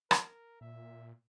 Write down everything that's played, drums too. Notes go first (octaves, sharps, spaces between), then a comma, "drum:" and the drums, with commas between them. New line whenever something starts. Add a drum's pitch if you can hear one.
A#4, drum: rim click
A#2 E5